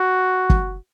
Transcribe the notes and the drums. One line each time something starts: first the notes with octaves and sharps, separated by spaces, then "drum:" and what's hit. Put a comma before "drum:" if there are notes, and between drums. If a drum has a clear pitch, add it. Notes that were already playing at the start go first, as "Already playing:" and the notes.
Already playing: F#4
drum: kick